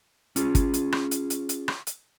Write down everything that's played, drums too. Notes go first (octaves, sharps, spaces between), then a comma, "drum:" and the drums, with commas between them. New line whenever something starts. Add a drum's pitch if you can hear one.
C#4 F4 G#4, drum: hi-hat
drum: kick, hi-hat
drum: hi-hat
drum: rim click
drum: hi-hat
drum: hi-hat
drum: hi-hat
drum: rim click
drum: hi-hat